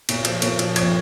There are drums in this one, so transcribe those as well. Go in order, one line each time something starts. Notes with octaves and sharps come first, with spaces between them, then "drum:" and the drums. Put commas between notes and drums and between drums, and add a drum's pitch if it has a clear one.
A#2, drum: cymbal
F3, drum: cymbal
A#2, drum: cymbal
F3, drum: cymbal
F2 G#6, drum: cymbal